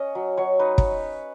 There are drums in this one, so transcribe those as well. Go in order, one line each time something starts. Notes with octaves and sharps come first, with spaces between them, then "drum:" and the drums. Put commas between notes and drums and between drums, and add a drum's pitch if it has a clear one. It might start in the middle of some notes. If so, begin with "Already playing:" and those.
Already playing: C#4 D#5
F#3
F#3 C#5
D#4 B4
drum: kick